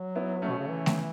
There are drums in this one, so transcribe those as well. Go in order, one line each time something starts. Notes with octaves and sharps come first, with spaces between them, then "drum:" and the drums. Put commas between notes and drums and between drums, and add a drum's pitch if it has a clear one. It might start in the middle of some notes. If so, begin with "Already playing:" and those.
Already playing: F#3
B3 E4
A3 C#4
B2
C#3
E3
drum: snare A3